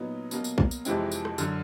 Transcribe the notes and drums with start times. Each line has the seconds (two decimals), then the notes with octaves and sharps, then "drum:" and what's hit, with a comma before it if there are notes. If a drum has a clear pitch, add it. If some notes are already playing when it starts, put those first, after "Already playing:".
Already playing: A#2 F#3 B3 D#4
0.31 B2 F#3 A#3, drum: tambourine
0.44 drum: tambourine
0.58 drum: kick B1
0.71 drum: tambourine
0.85 F2 C3 E3 G#3 C4, drum: tambourine
1.12 drum: tambourine
1.25 drum: rim click
1.38 F#2 D3 F#3, drum: tambourine